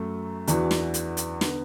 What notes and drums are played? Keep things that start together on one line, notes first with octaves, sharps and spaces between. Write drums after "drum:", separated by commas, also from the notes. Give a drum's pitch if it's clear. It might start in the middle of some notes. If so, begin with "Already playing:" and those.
Already playing: F#2 F#3 A3
E2 E3 D4 F#4, drum: hi-hat
drum: snare
drum: hi-hat
drum: hi-hat
D3 B3, drum: snare